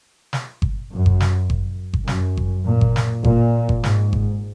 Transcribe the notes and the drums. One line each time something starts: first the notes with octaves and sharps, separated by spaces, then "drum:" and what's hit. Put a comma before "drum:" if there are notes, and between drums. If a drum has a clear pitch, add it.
drum: snare
drum: kick G1
F#2
drum: kick G1
drum: snare
drum: kick G1
drum: kick G1
F#2, drum: snare
drum: kick G1
A#2
drum: kick G1
drum: snare
A#2, drum: kick G1
drum: kick G1
G#2, drum: snare
drum: kick G1